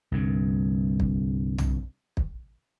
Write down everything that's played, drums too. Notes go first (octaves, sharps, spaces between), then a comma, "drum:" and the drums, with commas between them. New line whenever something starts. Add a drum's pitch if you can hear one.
C2 G2 D3
drum: kick
drum: tom
drum: kick